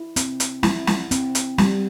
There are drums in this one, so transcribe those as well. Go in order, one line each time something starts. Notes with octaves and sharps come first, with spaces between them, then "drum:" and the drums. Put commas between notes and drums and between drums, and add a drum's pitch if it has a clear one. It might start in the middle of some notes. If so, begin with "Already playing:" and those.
Already playing: E4
C4, drum: hi-hat
drum: hi-hat
E4, drum: snare
drum: snare
C4, drum: hi-hat
drum: hi-hat
G3, drum: snare